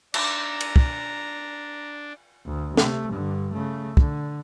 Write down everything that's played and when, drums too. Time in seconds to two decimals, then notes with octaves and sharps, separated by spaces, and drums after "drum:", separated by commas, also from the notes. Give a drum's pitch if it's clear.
0.14 D4 D#4 D5 A#5, drum: cymbal
0.60 drum: cymbal
0.76 drum: kick
2.46 D2
2.77 C3 A3, drum: snare
3.11 G2 D3
3.53 C#3 A3
3.97 D3, drum: kick